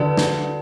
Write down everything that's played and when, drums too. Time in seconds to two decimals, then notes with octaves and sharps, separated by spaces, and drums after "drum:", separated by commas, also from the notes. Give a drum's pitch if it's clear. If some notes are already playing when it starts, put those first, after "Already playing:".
Already playing: D3 D4 F#4 B4 D5
0.17 drum: snare